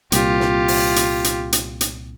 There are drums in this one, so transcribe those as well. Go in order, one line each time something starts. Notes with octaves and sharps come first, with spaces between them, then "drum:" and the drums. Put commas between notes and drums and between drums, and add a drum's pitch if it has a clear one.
C2 A#2 F4 G4, drum: hi-hat
drum: snare
drum: open hi-hat
drum: hi-hat
drum: hi-hat
drum: hi-hat
drum: hi-hat